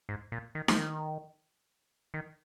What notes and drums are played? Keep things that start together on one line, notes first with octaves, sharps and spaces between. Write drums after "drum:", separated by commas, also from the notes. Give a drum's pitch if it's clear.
G#2
A#2
D#3
F3, drum: snare D#4
D#3
D#3